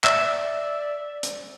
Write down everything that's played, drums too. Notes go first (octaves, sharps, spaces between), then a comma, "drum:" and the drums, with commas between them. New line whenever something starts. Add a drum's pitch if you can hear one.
D5 E5, drum: clap
drum: hi-hat